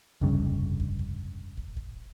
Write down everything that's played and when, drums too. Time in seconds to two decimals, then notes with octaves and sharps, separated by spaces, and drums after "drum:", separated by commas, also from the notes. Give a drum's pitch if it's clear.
0.21 F1 C#2 G2 C#3, drum: kick
0.80 drum: kick
0.99 drum: kick
1.57 drum: kick
1.77 drum: kick